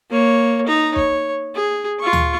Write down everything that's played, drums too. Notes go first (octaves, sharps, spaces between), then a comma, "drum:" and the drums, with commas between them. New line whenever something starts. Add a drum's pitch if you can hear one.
A#3 C#5
D#4 A#5
C#5, drum: kick
G#4
F4 C#6
drum: tom D2